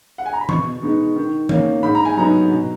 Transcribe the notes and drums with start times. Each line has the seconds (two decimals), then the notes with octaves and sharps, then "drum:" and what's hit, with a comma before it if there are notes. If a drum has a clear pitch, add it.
0.18 F#5
0.26 G#5
0.33 A#5
0.41 B5
0.49 B2 C#6, drum: tom
0.82 G#3 B3 D#4
1.16 D#3
1.49 A#3 C#4, drum: tom
1.83 G#2 B5
1.95 A#5
2.05 G#5
2.17 F#3 B3 D#4 A#5
2.51 B2